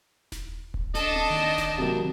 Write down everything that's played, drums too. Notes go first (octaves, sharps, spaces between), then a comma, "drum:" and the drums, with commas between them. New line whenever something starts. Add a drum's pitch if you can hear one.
drum: snare D#1
drum: kick D1
D4 A4 D#5 A5, drum: snare D#1
drum: tom C4
D#2 D#3
drum: snare D#1
C3 F#3 A#3